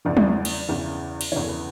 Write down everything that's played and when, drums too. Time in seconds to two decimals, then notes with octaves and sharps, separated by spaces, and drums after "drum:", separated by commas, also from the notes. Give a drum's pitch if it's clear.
0.05 E2 C#3 E3 D5
0.17 drum: tom F#3
0.45 drum: cymbal
0.68 E2 C#3 E3
1.21 drum: cymbal
1.32 E2 C#3 E3 C#5
1.44 A4
1.48 B4